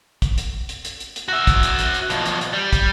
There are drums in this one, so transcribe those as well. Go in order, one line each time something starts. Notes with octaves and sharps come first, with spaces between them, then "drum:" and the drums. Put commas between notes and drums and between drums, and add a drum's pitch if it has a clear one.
drum: kick, hi-hat
drum: hi-hat
drum: hi-hat
drum: hi-hat
drum: hi-hat
drum: hi-hat
F#4 E5
drum: kick, hi-hat
drum: hi-hat
drum: hi-hat
drum: hi-hat
B2 F3, drum: hi-hat
drum: hi-hat
drum: hi-hat
G3
drum: kick, hi-hat